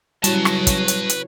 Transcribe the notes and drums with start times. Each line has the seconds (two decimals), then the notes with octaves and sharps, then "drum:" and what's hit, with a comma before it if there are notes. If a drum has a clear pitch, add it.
0.24 C#3 F#3 G3 E4 F#4 B4 C#5 A5, drum: hi-hat
0.45 drum: rim click
0.67 drum: kick, hi-hat
0.88 drum: hi-hat
1.09 drum: hi-hat